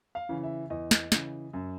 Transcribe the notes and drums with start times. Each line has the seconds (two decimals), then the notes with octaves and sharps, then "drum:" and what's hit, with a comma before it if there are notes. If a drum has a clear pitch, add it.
0.15 F5
0.29 C#3 E3
0.43 E5
0.70 E2 D#5
0.91 drum: snare
1.12 C#3 E3, drum: snare
1.53 F#2